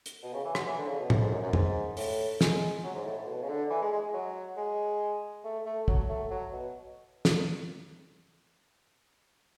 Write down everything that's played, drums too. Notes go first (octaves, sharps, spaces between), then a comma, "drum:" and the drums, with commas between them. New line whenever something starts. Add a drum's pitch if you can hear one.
drum: hi-hat
B2
C#3
E3
F#3, drum: rim click
E3
D3
C#3
B2
A2, drum: tom
G#2
F#2
F#2
G#2, drum: tom
A2, drum: open hi-hat
G#3, drum: snare
F#3
G#2
A2
A2
B2
C#3
D3
E3
G#3
G#3
G#3
F#3
G#3
A3
A3
F#3, drum: kick
A3
F#3
B2
drum: snare